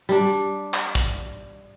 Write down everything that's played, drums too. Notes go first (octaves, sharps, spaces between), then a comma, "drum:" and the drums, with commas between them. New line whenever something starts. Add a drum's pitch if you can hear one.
G3 D4
drum: clap
drum: kick